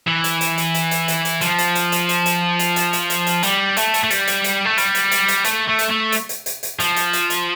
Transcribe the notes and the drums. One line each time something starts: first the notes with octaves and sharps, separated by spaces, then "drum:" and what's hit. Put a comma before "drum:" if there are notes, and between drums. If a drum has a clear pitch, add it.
E3
drum: hi-hat
drum: hi-hat
drum: hi-hat
drum: hi-hat
drum: hi-hat
drum: hi-hat
drum: hi-hat
F3, drum: hi-hat
drum: hi-hat
drum: hi-hat
drum: hi-hat
drum: hi-hat
drum: hi-hat
drum: hi-hat
drum: hi-hat
drum: hi-hat
drum: hi-hat
drum: hi-hat
G3, drum: hi-hat
A3, drum: hi-hat
drum: hi-hat
A3
G3, drum: hi-hat
drum: hi-hat
drum: hi-hat
A3
G3, drum: hi-hat
drum: hi-hat
drum: hi-hat
drum: hi-hat
A3, drum: hi-hat
A3
drum: hi-hat
A3
drum: hi-hat
drum: hi-hat
drum: hi-hat
drum: hi-hat
F3, drum: hi-hat
drum: hi-hat
drum: hi-hat
drum: hi-hat